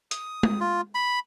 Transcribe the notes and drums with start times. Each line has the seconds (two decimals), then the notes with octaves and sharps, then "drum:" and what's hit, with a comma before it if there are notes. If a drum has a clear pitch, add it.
0.11 D#6, drum: hi-hat
0.43 drum: tom G#3
0.60 F4
0.95 B5